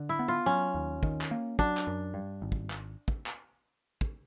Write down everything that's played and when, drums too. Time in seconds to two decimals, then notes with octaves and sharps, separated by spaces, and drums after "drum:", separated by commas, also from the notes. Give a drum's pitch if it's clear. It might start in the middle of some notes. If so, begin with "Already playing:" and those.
Already playing: D3
0.09 E4
0.19 B3
0.28 F4
0.46 F#3 C#4
0.74 D#2
1.03 D#3, drum: kick
1.21 drum: clap
1.31 A#3
1.59 F#3 D4, drum: kick
1.77 drum: clap
1.87 F#2
2.14 G2
2.42 G#1
2.52 drum: kick
2.71 drum: clap
3.08 drum: kick
3.26 drum: clap
4.01 drum: kick